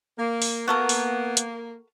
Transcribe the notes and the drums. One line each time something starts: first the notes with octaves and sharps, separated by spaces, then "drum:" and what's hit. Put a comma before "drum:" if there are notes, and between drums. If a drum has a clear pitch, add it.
A#3
drum: open hi-hat
A#3 B3 F#4 A4 A#4
drum: open hi-hat
drum: hi-hat